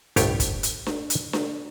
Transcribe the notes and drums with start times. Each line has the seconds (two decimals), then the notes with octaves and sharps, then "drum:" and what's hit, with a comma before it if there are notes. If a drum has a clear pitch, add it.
0.16 G1 C2 A2 F4 G4 C#5, drum: hi-hat
0.40 drum: kick, hi-hat
0.63 drum: hi-hat
0.86 drum: snare D4
1.10 drum: hi-hat
1.33 drum: snare D4